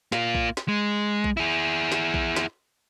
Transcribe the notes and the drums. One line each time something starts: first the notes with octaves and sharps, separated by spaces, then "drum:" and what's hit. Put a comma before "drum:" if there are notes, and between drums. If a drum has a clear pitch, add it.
A#3 F4, drum: snare
drum: kick A#1
drum: snare
G#3
drum: kick A#1
E4 G#4
drum: snare
drum: kick A#1
drum: snare